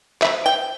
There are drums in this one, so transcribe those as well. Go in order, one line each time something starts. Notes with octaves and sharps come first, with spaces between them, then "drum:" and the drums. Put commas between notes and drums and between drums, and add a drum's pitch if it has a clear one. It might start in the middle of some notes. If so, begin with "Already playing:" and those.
F3 E5, drum: clap
G5